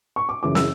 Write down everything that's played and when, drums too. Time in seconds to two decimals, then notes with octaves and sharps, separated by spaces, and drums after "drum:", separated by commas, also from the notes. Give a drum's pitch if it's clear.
0.16 C#6
0.29 D6
0.43 F#2 C#3 E3 D6
0.55 E6, drum: snare